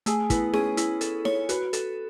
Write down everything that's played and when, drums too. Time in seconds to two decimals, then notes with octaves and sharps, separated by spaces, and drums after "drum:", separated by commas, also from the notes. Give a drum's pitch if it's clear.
0.06 A3 G#4, drum: hi-hat
0.30 B3 E4, drum: kick, hi-hat
0.53 C#4 G#4, drum: snare D#4
0.77 E4, drum: hi-hat
1.01 A4, drum: hi-hat
1.25 C#5, drum: snare D#4
1.49 F#4 B4, drum: hi-hat
1.73 A4, drum: hi-hat